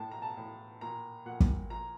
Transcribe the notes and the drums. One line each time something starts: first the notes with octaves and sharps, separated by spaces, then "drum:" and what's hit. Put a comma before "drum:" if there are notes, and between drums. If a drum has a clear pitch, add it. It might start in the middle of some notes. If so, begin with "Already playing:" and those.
Already playing: A2 A5
A#5
A5
A2
A#2 A#5
A#2 F#5
drum: kick
F3 A#5